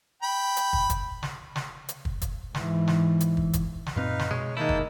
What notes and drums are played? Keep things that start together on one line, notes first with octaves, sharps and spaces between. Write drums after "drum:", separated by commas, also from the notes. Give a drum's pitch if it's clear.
G5 B5
drum: hi-hat
drum: kick
drum: kick, hi-hat
drum: snare
drum: snare
drum: hi-hat
drum: kick
drum: kick, hi-hat
G#2 E3, drum: snare
drum: snare
drum: hi-hat
drum: kick
drum: kick, hi-hat
drum: snare
F#2 A#2 C4 D#4 B4 F5
drum: snare
B2 G#3 C#5
D#3 G#3 A#3 E4 A5 G6
drum: kick